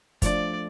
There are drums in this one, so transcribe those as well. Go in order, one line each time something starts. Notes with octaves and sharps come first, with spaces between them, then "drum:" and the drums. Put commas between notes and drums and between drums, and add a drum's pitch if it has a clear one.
F3 A3 D4 D5, drum: kick, hi-hat